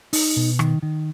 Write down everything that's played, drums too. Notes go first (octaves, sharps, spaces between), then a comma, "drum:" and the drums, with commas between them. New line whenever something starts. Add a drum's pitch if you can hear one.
D#4, drum: open hi-hat
B2
D#3, drum: rim click
D#3